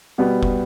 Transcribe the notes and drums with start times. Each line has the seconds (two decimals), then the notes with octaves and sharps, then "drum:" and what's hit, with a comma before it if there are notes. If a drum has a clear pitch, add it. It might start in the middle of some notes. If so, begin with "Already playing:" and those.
0.18 B2 G3 B3
0.43 drum: kick